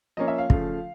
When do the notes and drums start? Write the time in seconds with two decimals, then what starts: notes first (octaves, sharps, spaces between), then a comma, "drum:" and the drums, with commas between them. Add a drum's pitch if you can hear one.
0.17 F3 A#3 C#4 D#5
0.28 E5
0.38 F5
0.50 C#3 F3 A3, drum: kick